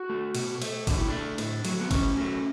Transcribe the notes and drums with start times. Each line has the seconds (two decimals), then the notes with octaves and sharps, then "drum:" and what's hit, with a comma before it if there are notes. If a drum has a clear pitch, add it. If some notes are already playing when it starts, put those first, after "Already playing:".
Already playing: F#4
0.09 A3
0.35 B2, drum: cymbal
0.62 A3, drum: cymbal
0.87 B2 D4, drum: kick, cymbal
0.98 E4
1.09 A3 D4
1.38 A2, drum: cymbal
1.65 F#3 A3, drum: cymbal
1.80 B3
1.91 A2 C#4, drum: kick, cymbal
2.17 F#3 A3